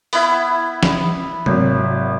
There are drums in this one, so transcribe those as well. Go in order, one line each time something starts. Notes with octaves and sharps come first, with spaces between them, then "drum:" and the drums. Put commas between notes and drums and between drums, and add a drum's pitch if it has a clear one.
B3 E4, drum: open hi-hat
drum: snare
G#1 C3 F#3, drum: tom C3